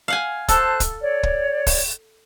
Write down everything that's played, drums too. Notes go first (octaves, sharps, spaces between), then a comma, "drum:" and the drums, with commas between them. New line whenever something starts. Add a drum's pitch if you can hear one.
F5 F#5 G#5
A4 C5 A5 F#6, drum: kick, hi-hat
drum: kick, hi-hat
C#5 D5
drum: kick
drum: kick, open hi-hat